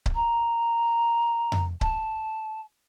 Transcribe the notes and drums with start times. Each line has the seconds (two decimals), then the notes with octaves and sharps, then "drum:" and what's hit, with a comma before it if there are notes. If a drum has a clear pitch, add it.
0.06 drum: kick C#1
0.15 A#5
1.52 drum: tom F2
1.81 A5, drum: kick C#1